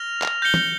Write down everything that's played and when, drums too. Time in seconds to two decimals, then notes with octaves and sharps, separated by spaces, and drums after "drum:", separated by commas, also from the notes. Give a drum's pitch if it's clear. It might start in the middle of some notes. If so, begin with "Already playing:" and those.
Already playing: F6 A#6 F7
0.22 drum: clap
0.42 G6 A#6 C#7 G7
0.54 drum: tom